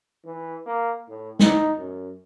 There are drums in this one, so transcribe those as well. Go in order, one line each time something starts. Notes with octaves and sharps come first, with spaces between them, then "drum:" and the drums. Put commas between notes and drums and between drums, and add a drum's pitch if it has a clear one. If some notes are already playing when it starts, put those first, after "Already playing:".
E3
A#3
A2
D#4, drum: snare
F#2